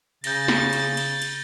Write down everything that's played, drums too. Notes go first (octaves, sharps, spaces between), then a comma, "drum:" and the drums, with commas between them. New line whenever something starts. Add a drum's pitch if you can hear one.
C#3 G6 A6 A#6, drum: cymbal
drum: snare
drum: cymbal
drum: cymbal
drum: cymbal